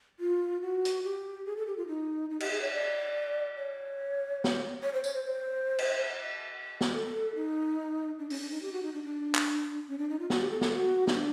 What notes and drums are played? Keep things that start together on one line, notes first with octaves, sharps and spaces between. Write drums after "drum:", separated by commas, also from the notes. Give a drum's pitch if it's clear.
F4
F#4
drum: hi-hat
G4
G#4
A4
G4
F4
D#4
D#4
G4, drum: cymbal
G#4
C#5
D5
C#5
drum: snare
C#5
C5
C#5, drum: tambourine
C5
C5
drum: cymbal
drum: snare
A4
D#4
D4
C#4, drum: open hi-hat
D4
D#4
G4
F#4
D#4
D4
D4
drum: clap
C#4
D4
D#4
F4
F#4, drum: snare
G4
A4
A4, drum: snare
F#4
D#4, drum: snare
D4